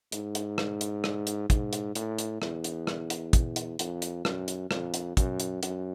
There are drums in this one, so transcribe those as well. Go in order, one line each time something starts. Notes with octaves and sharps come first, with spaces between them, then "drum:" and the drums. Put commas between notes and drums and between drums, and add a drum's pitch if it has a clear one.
G#2, drum: hi-hat
drum: hi-hat
drum: rim click
drum: hi-hat
drum: rim click
drum: hi-hat
G#2, drum: kick, hi-hat
drum: hi-hat
A2, drum: hi-hat
drum: hi-hat
E2, drum: rim click
drum: hi-hat
drum: rim click
drum: hi-hat
drum: kick, hi-hat
drum: hi-hat
F2, drum: hi-hat
drum: hi-hat
F#2, drum: rim click
drum: hi-hat
F2, drum: rim click
drum: hi-hat
F#2, drum: kick, hi-hat
drum: hi-hat
F#2, drum: hi-hat